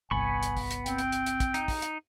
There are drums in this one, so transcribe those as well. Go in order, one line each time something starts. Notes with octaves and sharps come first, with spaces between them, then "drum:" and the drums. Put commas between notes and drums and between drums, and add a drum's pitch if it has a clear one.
G1 C2 B3 G#5 B5 C#6
drum: hi-hat
drum: kick, open hi-hat
drum: hi-hat
C4 G5, drum: hi-hat
drum: hi-hat
drum: hi-hat
drum: hi-hat
drum: kick, hi-hat
D#4, drum: hi-hat
drum: kick, open hi-hat
drum: hi-hat